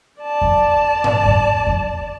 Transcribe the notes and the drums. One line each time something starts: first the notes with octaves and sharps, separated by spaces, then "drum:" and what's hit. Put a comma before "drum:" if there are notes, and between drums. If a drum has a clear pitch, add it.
D5 A5
drum: kick F2
drum: tom G#2
drum: kick F2
drum: kick F2